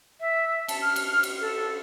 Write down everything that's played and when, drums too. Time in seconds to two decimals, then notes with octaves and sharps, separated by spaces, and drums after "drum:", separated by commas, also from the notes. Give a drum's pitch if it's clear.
0.20 E5
0.68 A5, drum: cymbal
0.82 F6
0.96 drum: cymbal
1.23 drum: cymbal
1.41 A4